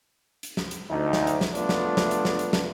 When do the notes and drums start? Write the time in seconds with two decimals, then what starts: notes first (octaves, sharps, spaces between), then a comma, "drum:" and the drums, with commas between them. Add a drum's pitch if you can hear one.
0.43 drum: hi-hat
0.57 drum: snare
0.71 drum: hi-hat
0.91 D2 D#4
1.13 drum: snare
1.27 drum: hi-hat
1.41 drum: snare
1.55 A3 B3 D4 F4, drum: hi-hat
1.69 drum: snare
1.97 drum: snare
2.11 drum: hi-hat
2.25 drum: snare
2.39 drum: hi-hat
2.53 drum: snare